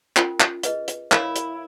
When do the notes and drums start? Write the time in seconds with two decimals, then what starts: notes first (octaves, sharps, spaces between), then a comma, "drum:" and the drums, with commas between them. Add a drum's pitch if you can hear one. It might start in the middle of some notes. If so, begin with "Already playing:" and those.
0.17 C#4 F4 A#4, drum: clap
0.40 drum: clap
0.63 G#4 B4 D#5, drum: hi-hat
0.88 drum: hi-hat
1.12 E4 A#4 C#5 F5, drum: clap
1.36 drum: hi-hat